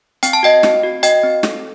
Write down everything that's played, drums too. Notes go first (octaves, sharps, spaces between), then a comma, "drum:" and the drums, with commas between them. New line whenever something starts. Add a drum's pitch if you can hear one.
C4 G5, drum: hi-hat
A5
F#4 D#5 G5
C4, drum: snare
F#4
F#4 D#5 G5, drum: hi-hat
C4
A4, drum: snare